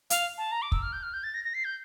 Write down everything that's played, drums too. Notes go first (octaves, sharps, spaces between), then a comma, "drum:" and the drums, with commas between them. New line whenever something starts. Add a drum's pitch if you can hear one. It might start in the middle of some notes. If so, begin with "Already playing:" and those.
F5, drum: hi-hat
A5
A#5
D6
E6, drum: kick
F6
G6
F6
G6
A6
A#6
A#6
C7
G6